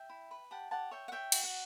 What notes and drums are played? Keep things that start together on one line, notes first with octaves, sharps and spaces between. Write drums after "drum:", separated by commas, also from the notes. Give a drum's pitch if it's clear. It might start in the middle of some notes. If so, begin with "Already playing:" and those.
Already playing: E5 G5
E4
B4
G4 F#5 A5
G4 F#5 A5
C#5 E5 G5
F#5
C#5 E5 G5
F#4, drum: cymbal
F#5